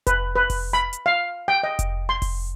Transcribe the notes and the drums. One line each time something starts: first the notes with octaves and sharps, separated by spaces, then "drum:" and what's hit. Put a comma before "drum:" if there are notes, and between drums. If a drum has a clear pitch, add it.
B4, drum: kick F1, hi-hat
B4
drum: kick F1, open hi-hat
B5
drum: hi-hat
F5
G5
D#5
drum: kick F1, hi-hat
C6
drum: kick F1, open hi-hat